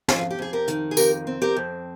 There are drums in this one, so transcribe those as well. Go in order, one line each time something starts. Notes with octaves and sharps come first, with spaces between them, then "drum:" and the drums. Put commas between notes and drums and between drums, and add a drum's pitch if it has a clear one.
F2 F4 G#4, drum: snare
G4
F2 G#4
G4 A#4
D#3, drum: hi-hat
G#4
F2 G4 A#4, drum: tambourine
C4
G4 A#4
F2